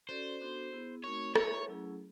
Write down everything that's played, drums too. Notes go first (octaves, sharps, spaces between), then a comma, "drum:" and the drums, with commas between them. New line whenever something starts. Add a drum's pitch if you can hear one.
C#4 F#4 A4 C5 D5
B3 D4 F#4 A4
B3 E4 G#4
A3 C4 D#4 F#4 A#4 C#5
E4 G#4 B4 C#5 E5, drum: rim click
F#3 A3 C#4 E4 G#4